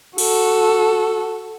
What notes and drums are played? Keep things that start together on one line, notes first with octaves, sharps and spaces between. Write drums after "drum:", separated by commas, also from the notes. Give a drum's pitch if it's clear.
F#4 A4, drum: cymbal